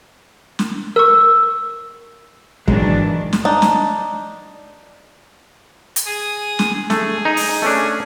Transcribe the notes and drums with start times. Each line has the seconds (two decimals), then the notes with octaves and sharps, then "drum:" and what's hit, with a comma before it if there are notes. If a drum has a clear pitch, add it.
0.59 drum: snare
0.96 A#4 C#6 E6
2.68 G#2 D#3 E3 F#3 G#3 D4, drum: kick
3.33 drum: snare
3.45 D4 D#4
3.62 drum: snare
5.96 drum: hi-hat
6.06 G#4 D#6
6.59 drum: snare
6.90 A3 G#4, drum: snare
7.25 D#4
7.37 drum: open hi-hat
7.62 A3 C#4 D4